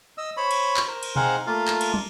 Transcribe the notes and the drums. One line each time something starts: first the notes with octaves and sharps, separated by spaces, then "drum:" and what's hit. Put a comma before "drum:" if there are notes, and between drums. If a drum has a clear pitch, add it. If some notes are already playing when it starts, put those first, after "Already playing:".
D#5 E6
C5 C#5 B5
drum: cymbal
drum: clap
A#4 C5
drum: cymbal
C4 D#4 G#4 C5 F5 F#5, drum: tom B2
A3 A#3 F4 F5
drum: clap
drum: cymbal
drum: tom